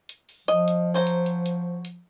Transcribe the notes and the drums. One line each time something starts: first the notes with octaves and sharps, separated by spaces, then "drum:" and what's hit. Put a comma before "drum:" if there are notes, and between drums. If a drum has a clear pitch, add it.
drum: hi-hat
drum: open hi-hat
F3 D#5, drum: hi-hat
drum: hi-hat
F#3 C5 A#5
drum: hi-hat
drum: hi-hat
drum: hi-hat
drum: hi-hat